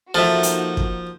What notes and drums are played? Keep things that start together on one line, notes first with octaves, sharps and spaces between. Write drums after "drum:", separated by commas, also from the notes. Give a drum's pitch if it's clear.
F3 A#3 D#4 F#4 A4 E5
drum: hi-hat
drum: kick